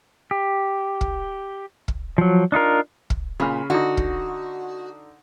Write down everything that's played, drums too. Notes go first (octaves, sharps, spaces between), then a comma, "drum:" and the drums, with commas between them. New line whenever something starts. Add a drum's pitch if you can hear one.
G4
drum: kick
drum: kick
F3 F#3
D4 D#4 F4 A#4
drum: kick
A#2 C#3 B5 F6
D3 D#4 F#4
drum: kick